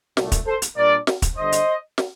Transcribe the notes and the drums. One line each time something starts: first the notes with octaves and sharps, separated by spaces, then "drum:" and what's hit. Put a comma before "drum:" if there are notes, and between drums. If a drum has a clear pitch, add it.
C2 A#2 A3 D4, drum: snare
drum: kick, hi-hat
A4 C5
drum: hi-hat
A#2 G3 D4 A#4 D5
drum: snare
drum: kick, hi-hat
G1 G2 D3 C5 D#5
drum: hi-hat
drum: snare